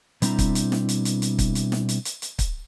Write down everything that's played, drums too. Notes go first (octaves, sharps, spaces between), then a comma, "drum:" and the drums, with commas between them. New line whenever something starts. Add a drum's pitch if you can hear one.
B2 G3 C4 D4 E4 A#5, drum: hi-hat
drum: kick, hi-hat
drum: hi-hat
drum: snare
drum: hi-hat
drum: hi-hat
drum: hi-hat
drum: kick, hi-hat
drum: hi-hat
drum: snare
drum: hi-hat
drum: hi-hat
drum: hi-hat
drum: kick, hi-hat